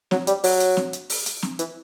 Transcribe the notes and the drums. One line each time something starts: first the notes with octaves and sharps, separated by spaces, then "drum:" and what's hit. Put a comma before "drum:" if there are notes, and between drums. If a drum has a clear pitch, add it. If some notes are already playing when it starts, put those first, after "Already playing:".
F#3, drum: snare C4
G3, drum: hi-hat
F#3, drum: open hi-hat
drum: hi-hat
drum: snare C4
drum: hi-hat
drum: open hi-hat
drum: hi-hat
drum: snare C4
E3, drum: hi-hat